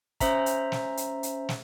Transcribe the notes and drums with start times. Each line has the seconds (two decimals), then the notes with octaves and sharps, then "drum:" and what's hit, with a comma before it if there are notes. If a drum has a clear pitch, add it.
0.20 C#4 C5 E5 A#5, drum: kick, hi-hat
0.46 drum: hi-hat
0.72 drum: snare
0.97 drum: hi-hat
1.23 drum: hi-hat
1.49 drum: snare